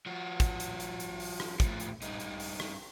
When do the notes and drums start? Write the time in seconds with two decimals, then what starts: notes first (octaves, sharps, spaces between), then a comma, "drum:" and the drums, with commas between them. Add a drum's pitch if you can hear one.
0.06 F3 F#4
0.40 drum: kick, hi-hat
0.60 drum: hi-hat
0.80 drum: hi-hat
1.00 drum: hi-hat
1.20 drum: open hi-hat
1.40 drum: rim click
1.60 A2 F3, drum: kick, hi-hat
1.80 drum: hi-hat
2.02 G2 D#4, drum: hi-hat
2.20 drum: hi-hat
2.40 drum: open hi-hat
2.60 drum: rim click